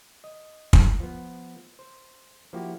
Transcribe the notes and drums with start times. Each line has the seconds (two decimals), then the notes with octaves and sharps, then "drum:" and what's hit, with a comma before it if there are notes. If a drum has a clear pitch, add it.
0.24 D#5
0.73 drum: kick
1.00 F3 B3
1.79 C5
2.53 F3 A#3 E4 F#4 G4